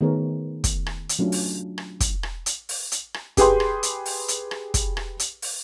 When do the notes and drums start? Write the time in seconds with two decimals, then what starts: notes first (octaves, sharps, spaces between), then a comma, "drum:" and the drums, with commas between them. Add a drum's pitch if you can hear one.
0.01 D#3 A3 B3 G#4 A#4 C#5
0.64 drum: kick, hi-hat
0.86 drum: rim click
1.09 drum: hi-hat
1.19 F#3 A3 C#4 D4 F4
1.32 drum: open hi-hat
1.78 drum: rim click
2.00 drum: kick, hi-hat
2.23 drum: rim click
2.46 drum: hi-hat
2.69 drum: open hi-hat
2.92 drum: hi-hat
3.14 drum: rim click
3.37 G4 G#4 B4 G5 C6, drum: kick, hi-hat
3.60 drum: rim click
3.83 drum: hi-hat
4.06 drum: open hi-hat
4.28 drum: hi-hat
4.51 drum: rim click
4.74 drum: kick, hi-hat
4.97 drum: rim click
5.19 drum: hi-hat
5.42 drum: open hi-hat